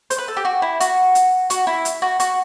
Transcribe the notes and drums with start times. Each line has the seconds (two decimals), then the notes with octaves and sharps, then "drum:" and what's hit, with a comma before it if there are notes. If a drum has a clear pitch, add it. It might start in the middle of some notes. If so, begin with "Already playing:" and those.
0.10 C5, drum: hi-hat
0.18 B4
0.28 A4
0.37 G4
0.45 F#4
0.62 E4
0.80 F#4, drum: hi-hat
1.15 drum: hi-hat
1.50 F#4, drum: hi-hat
1.67 E4
1.85 drum: hi-hat
2.02 F#4
2.20 F#4, drum: hi-hat